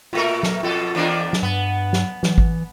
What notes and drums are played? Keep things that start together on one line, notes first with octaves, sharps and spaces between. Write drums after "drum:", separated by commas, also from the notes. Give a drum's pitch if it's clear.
A#2 A3 F4 A#4
drum: snare
F2 B2 F4 A4
E2 A#3 D4
drum: snare
G2 B3
drum: snare
E3, drum: snare
drum: kick G#1